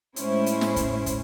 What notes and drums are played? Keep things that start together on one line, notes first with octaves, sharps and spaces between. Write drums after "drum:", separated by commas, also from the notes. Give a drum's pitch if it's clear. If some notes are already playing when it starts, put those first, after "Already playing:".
A2 G#3 C#4 E4 C5, drum: hi-hat
drum: hi-hat
drum: snare
drum: kick, hi-hat
drum: kick, hi-hat